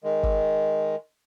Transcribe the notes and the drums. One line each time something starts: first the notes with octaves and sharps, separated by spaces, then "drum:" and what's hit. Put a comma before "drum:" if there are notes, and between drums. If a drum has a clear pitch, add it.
D#3 G#3
drum: kick